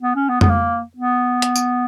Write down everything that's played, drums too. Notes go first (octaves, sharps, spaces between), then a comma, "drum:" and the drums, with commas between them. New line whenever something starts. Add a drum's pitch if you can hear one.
B3
C#4
B3
B3, drum: tom F2
A#3
B3
drum: hi-hat
drum: tambourine